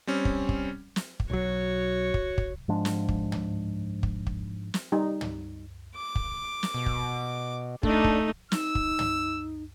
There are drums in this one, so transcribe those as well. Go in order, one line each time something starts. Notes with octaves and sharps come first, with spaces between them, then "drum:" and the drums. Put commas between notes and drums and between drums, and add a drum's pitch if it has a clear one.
G3 C4 C#4
drum: kick
drum: kick
drum: snare
drum: kick
B1 F#3 F#4 C#5
drum: kick
drum: kick
G#2 F3 G#3 D4
drum: snare
drum: kick
drum: tom
drum: kick
drum: kick
drum: snare
G3 D#4
drum: tom
D6
drum: kick
drum: snare
B2
drum: kick
A3 D4 D#4, drum: kick
drum: kick
D#4 E6, drum: snare
drum: kick
drum: tom